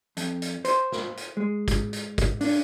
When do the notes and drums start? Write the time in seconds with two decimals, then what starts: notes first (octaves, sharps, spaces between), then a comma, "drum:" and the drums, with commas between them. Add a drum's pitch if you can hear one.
0.17 F2, drum: hi-hat
0.42 drum: hi-hat
0.65 C5, drum: hi-hat
0.92 drum: snare
1.17 drum: hi-hat
1.37 G#3
1.68 drum: kick, hi-hat
1.93 drum: hi-hat
2.18 drum: kick, hi-hat
2.41 D4, drum: open hi-hat